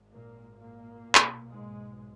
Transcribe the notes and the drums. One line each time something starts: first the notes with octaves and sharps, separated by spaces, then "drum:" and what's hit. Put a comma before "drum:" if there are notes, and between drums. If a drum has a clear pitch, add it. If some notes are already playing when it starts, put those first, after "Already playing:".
Already playing: G#1 G#2
A#2 A#3
A#2 A#3
B1 B2
drum: clap
G#2 G#3